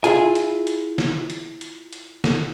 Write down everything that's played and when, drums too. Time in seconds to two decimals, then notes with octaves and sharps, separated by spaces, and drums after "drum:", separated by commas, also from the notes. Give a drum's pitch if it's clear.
0.04 E4 F4 G#4 G#5, drum: hi-hat
0.35 drum: hi-hat
0.67 drum: hi-hat
0.98 drum: snare
1.30 drum: hi-hat
1.61 drum: hi-hat
1.93 drum: hi-hat
2.24 drum: snare